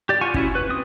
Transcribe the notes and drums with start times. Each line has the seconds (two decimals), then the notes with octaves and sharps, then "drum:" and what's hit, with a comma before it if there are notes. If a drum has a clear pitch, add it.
0.09 G4 D5
0.21 F4 F#5 G#5 C#6
0.34 C#4 E4 F#4, drum: kick
0.55 B4
0.69 C4 D#6